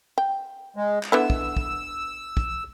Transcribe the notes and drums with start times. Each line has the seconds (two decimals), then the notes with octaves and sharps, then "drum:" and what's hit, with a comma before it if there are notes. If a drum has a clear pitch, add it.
0.18 G5
0.76 G#3
1.03 drum: clap
1.12 D3 B3 E4 E6
1.30 drum: kick
1.57 drum: kick
2.37 drum: kick